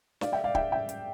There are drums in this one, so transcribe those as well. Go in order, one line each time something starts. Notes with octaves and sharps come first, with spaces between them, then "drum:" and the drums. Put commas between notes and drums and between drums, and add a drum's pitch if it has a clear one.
D5 F5, drum: snare
E5 G5
D5 F5
E5 G5, drum: kick
E5 G5
drum: hi-hat